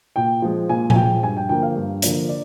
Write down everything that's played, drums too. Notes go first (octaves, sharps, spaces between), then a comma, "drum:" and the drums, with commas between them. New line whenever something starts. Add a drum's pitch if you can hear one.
A#2 G5
F3 G#3
A#2 G#5
G#5, drum: tom A#2
F3 G#3 G5
G2 G#5
G5
D3 F3 A#3 G5
F5
G2
D3 F3 A#3, drum: hi-hat
D5